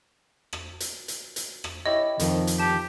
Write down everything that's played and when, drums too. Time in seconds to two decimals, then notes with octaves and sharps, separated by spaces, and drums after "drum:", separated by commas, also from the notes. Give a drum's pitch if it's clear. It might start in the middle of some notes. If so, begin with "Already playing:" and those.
0.53 drum: rim click
0.80 drum: hi-hat
1.08 drum: hi-hat
1.36 drum: hi-hat
1.64 drum: rim click
1.86 E4 G4 C#5 D#5
2.20 F2 D#3 F3, drum: hi-hat
2.47 drum: hi-hat
2.60 G4 A5